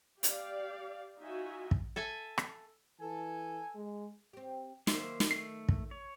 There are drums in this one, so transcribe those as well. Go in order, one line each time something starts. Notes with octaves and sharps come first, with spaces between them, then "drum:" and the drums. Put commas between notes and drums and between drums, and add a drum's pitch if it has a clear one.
G4 D5 F5, drum: hi-hat
D#4 F4 F#4 E5 G#5
drum: kick
A4 E5 G#5
drum: rim click
E3 A4 G#5
G#3
C4 G4
D#3 F#3 A#3 C5 E5, drum: snare
drum: snare
A3 C7
drum: kick
C#5